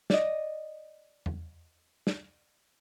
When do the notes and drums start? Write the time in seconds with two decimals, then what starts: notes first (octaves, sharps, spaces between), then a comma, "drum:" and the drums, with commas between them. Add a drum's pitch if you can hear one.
0.10 D5 D#5, drum: snare
1.26 drum: tom E2
2.07 drum: snare